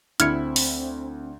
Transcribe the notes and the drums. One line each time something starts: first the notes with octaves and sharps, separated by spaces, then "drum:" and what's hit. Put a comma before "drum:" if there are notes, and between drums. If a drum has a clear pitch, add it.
D2 C4 E4 F6 G#6 C#7, drum: hi-hat
drum: open hi-hat